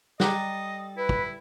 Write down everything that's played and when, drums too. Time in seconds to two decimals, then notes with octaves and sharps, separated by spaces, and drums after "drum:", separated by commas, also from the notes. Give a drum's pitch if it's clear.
0.20 G3 A4 D#5 A#5 D6 F#6, drum: snare
0.97 E4 B4
1.09 drum: kick